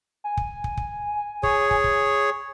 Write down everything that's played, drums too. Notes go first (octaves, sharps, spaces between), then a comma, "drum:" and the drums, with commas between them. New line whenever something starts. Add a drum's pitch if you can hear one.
G#5
drum: kick
drum: kick
drum: kick
G#4 C#5, drum: kick
drum: kick
drum: kick